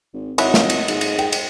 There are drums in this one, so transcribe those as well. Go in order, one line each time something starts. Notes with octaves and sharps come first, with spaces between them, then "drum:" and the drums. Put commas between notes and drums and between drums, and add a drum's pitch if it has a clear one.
G#1
G#1 F#3 E4 D#5, drum: cymbal
drum: snare
drum: cymbal
G#2, drum: cymbal
drum: cymbal
G5, drum: cymbal
drum: cymbal